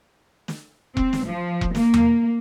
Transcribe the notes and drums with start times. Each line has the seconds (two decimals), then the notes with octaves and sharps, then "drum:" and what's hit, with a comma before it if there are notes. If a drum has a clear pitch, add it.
0.48 drum: snare
0.97 C4, drum: kick E1
1.13 drum: snare
1.27 F3
1.61 drum: kick E1
1.75 A#3, drum: snare
1.94 drum: tom E2